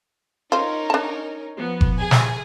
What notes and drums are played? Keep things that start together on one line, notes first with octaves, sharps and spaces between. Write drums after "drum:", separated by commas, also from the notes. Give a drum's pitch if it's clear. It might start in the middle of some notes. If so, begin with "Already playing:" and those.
C#4 D#4 F4 A#4 C5
D4 A5
F3 B3
drum: kick F#1
G#4 G#5
drum: snare